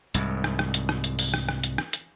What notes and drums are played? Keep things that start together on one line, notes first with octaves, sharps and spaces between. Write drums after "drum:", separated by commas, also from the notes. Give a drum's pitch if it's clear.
C2 G#2, drum: hi-hat
drum: rim click
drum: rim click
drum: hi-hat
drum: rim click
drum: hi-hat
drum: open hi-hat
drum: rim click
drum: rim click
drum: hi-hat
drum: rim click
drum: hi-hat